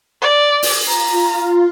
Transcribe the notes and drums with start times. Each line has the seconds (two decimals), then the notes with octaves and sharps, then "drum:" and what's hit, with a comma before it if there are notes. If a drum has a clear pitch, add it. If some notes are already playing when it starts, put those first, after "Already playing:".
0.21 D5
0.63 drum: open hi-hat
0.88 F4 A#5